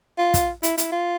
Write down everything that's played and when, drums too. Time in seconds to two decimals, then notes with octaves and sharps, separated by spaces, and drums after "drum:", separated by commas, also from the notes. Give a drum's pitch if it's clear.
0.19 F4
0.34 drum: kick, hi-hat
0.63 E4, drum: hi-hat
0.78 E4, drum: hi-hat
0.92 F4